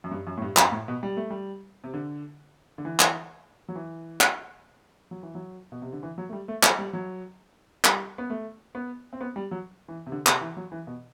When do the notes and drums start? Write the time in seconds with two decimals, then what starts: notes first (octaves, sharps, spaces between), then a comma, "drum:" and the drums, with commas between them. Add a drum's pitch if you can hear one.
0.04 F#2
0.11 G2
0.27 F#2
0.37 A2
0.42 G2
0.57 F#2, drum: clap
0.72 A2
0.88 B2
1.03 G3
1.17 A3
1.30 G3
1.84 C3
1.94 D3
2.78 D3
2.85 E3
3.00 drum: clap
3.69 F#3
3.76 E3
4.21 drum: clap
5.11 F#3
5.23 E3
5.35 F#3
5.72 B2
5.82 C3
5.93 D3
6.03 E3
6.18 F#3
6.29 A3
6.33 G3
6.48 A3
6.63 F#3, drum: clap
6.79 G3
6.93 F#3
7.84 G3, drum: clap
8.18 B3
8.30 A3
8.75 B3
9.13 C4
9.21 B3
9.36 G3
9.51 F#3
9.88 E3
10.07 C3
10.12 D3
10.27 C3, drum: clap
10.41 E3
10.57 F#3
10.72 E3
10.87 B2